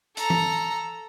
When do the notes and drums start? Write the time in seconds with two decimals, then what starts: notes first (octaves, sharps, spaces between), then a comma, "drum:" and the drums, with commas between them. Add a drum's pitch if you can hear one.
0.17 A4 A#5, drum: hi-hat
0.30 drum: tom